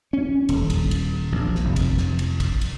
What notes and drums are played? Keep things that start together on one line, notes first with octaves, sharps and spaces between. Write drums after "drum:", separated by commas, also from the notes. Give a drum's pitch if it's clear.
C#4
D#1, drum: cymbal
drum: kick, cymbal
drum: cymbal
A#1
drum: snare
F1
drum: kick, cymbal
drum: snare
drum: cymbal
drum: kick, cymbal
drum: cymbal